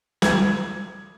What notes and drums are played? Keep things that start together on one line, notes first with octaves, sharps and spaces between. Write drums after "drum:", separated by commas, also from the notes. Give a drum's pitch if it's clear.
G#6, drum: snare